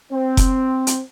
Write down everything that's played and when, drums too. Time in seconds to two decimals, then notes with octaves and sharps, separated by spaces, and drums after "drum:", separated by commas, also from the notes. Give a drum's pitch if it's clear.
0.13 C4
0.37 drum: kick F1, hi-hat
0.87 drum: hi-hat